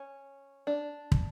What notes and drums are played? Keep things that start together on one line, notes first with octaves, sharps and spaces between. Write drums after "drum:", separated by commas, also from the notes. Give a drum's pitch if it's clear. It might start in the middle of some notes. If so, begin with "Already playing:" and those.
Already playing: C#4
D4
drum: kick